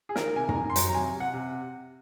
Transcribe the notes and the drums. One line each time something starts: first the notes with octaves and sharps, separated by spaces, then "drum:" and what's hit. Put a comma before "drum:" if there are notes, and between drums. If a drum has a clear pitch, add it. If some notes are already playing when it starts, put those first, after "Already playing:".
G#4
D#3 A#4, drum: snare
C3 G#5
A#5, drum: tom
D#3 G#5
C6
F#3 A#5, drum: hi-hat
A#5
C3 G#5
C3
F#5
C3